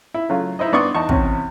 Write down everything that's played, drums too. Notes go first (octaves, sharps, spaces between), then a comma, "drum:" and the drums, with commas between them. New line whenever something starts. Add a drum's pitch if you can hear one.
E4
C#3 F#3 A3 F4
D#4 E4 C5 D#5
G2 B3 D5 C6 C#6 D#6
E2 D#4 A5 C#6
E2 C3 C#4, drum: kick